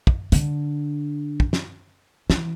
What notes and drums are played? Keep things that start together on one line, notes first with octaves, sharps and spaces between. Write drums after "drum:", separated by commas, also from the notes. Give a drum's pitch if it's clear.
drum: kick
D3, drum: hi-hat
drum: kick
drum: snare
E3, drum: snare